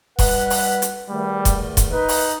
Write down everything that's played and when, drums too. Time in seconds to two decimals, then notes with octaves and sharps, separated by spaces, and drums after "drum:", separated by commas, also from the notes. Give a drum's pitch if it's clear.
0.19 B2 G3 B4 F#5, drum: kick E1, open hi-hat
0.50 drum: open hi-hat
0.82 drum: hi-hat
1.10 E2 D#3 G3 A3
1.45 drum: kick E1, hi-hat
1.77 drum: kick E1, hi-hat
1.92 D#4 B4
2.09 drum: open hi-hat